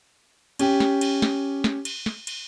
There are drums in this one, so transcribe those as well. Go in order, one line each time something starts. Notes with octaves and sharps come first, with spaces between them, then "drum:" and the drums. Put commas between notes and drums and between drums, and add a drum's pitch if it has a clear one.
C#4 G4, drum: cymbal
drum: snare
drum: cymbal
drum: snare
drum: snare
drum: cymbal
drum: snare
drum: cymbal